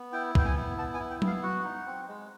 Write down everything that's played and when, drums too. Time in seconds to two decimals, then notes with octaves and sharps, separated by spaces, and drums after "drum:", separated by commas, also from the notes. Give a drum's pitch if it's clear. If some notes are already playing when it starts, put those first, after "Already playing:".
Already playing: B3
0.13 E4 G5
0.35 B3 G5, drum: kick
0.45 G#5
0.57 E4
0.78 B3 A5
0.94 G#5
1.00 E4
1.10 G5
1.22 B3, drum: tom F#3
1.27 F5
1.43 F#4 F#5
1.64 D#4
1.86 C4
2.08 G#3